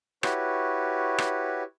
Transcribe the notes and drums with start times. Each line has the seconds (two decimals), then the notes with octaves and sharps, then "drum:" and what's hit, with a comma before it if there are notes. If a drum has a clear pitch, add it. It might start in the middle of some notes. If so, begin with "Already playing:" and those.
0.23 E4 F#4 G4 B4 C#5, drum: rim click
1.18 drum: rim click